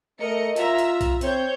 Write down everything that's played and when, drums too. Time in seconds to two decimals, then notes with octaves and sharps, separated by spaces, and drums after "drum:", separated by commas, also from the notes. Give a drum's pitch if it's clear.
0.20 A3 A#4 D#5 C#7
0.56 F4 E5 A#5 E6, drum: hi-hat
0.79 drum: hi-hat
1.01 drum: kick B1, hi-hat
1.21 C4 C5 C#5 G6, drum: hi-hat